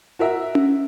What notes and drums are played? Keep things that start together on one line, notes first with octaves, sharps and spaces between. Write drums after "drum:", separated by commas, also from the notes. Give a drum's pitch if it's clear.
F#4 A#4 E5
drum: tom C#4